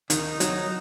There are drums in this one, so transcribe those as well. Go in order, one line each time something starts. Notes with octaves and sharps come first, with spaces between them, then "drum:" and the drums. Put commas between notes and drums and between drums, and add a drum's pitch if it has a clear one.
D#3 D#4, drum: hi-hat
F#3, drum: hi-hat